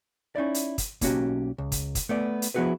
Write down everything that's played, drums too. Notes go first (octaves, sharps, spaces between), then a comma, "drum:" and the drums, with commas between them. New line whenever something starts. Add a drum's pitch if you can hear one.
C#4 D#4 E4 D5
drum: hi-hat
drum: kick, hi-hat
B1 A#3 C#4 F#4 G4, drum: kick, hi-hat
C#2
drum: kick, hi-hat
drum: kick, hi-hat
A3 B3 D5
drum: hi-hat
F3 B3 E4 F#4 G#4 B4